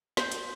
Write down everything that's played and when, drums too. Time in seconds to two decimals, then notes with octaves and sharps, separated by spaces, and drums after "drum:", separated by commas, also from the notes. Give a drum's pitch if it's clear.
0.17 C5, drum: snare
0.32 drum: hi-hat